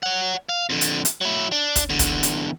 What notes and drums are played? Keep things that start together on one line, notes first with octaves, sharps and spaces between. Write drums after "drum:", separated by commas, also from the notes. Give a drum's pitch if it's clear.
C#5 F#5
F5
F2 D3
drum: hi-hat
drum: hi-hat
F#3 E4
D4
drum: kick, hi-hat
E2 D3
drum: kick, hi-hat
drum: hi-hat